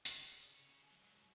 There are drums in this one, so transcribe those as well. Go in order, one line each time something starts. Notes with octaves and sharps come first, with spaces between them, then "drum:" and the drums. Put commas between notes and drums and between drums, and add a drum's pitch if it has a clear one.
drum: hi-hat
C#3
C#3 C#4
G#2 F#3